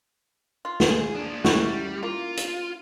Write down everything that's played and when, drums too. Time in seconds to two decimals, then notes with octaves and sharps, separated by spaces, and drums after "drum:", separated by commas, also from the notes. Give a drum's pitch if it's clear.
0.65 F4
0.80 drum: snare
0.90 G#4
1.15 A#3 D4
1.45 G3 C#4 E4 F#4 E5, drum: snare
2.03 A#3 F4
2.37 drum: hi-hat